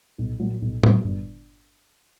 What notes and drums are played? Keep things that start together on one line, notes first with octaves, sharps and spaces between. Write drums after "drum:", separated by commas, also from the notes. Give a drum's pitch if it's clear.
B1
A#2 F#3
B1
A#2 F#3, drum: tom
G1